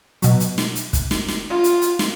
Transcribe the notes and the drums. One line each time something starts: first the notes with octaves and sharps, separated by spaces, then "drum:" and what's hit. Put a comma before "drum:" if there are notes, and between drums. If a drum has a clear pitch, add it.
B2 F#3, drum: hi-hat
drum: hi-hat
drum: snare
drum: hi-hat
drum: kick, hi-hat
drum: snare
drum: snare
F4
drum: hi-hat
drum: hi-hat
drum: snare